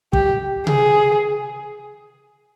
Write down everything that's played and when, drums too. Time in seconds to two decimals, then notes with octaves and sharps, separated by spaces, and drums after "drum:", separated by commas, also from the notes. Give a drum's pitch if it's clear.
0.13 G4, drum: kick
0.67 G#4, drum: tom C3